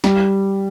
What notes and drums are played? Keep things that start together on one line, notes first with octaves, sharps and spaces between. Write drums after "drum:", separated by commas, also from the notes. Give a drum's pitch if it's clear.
G3, drum: snare